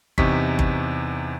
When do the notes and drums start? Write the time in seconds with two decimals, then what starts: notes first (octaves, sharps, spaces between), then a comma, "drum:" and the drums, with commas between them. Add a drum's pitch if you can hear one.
0.18 E2 C3 D#4 C#6 B6, drum: kick G1
0.59 drum: kick G1